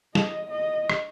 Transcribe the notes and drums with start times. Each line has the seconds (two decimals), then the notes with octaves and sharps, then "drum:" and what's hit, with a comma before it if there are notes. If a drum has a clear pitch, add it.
0.15 D#5, drum: snare
0.50 D#5
0.90 drum: rim click